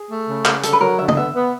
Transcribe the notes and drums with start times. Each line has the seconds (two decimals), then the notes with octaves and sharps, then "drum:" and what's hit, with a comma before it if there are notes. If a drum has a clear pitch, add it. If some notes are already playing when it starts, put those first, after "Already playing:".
Already playing: G#4
0.11 A3
0.27 C#3
0.45 C#3, drum: clap
0.63 D3 A4, drum: hi-hat
0.73 B4
0.81 F#3 A#4
0.99 D3 E5
1.08 D#5, drum: tom
1.17 B3 E5
1.34 B3